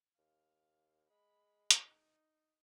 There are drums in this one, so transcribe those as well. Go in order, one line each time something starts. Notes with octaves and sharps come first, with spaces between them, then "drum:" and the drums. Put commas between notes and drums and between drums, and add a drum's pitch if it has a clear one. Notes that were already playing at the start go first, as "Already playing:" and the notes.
D#2 F5
G#3 B5
drum: hi-hat
D#4